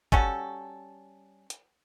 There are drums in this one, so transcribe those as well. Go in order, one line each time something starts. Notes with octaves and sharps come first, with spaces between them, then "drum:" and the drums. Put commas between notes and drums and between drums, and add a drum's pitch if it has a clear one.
G3 C#4 F#4 A4, drum: kick
drum: hi-hat